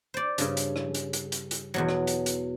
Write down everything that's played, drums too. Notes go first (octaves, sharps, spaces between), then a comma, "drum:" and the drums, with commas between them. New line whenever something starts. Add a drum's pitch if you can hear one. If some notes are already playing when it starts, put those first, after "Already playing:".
C5 D5
G2 C#3, drum: hi-hat
drum: hi-hat
drum: rim click
drum: hi-hat
drum: hi-hat
drum: hi-hat
drum: hi-hat
E2 B2 F#3
drum: rim click
drum: hi-hat
drum: hi-hat